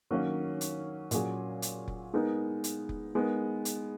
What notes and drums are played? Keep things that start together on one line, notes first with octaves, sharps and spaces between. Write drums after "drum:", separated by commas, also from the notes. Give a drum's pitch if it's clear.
D#3 F#3 A#3 C#4
drum: hi-hat
A#2 F#3 C#4 G#4, drum: hi-hat
drum: hi-hat
drum: kick F1
G#3 B3 D#4 A#4
drum: hi-hat
drum: kick F1
G#3 B3 D#4 A#4
drum: hi-hat